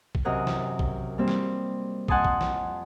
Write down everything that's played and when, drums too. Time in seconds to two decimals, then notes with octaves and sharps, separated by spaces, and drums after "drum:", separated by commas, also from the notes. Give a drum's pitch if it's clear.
0.15 drum: kick
0.25 F#2 C3 A#4 D#5 F#5 G#5
0.47 drum: snare
0.79 drum: kick
1.18 G3 A#3 C4
1.28 drum: snare
2.08 F2 F#5 G#5 A5 C6 D#6, drum: kick
2.25 drum: kick
2.41 drum: snare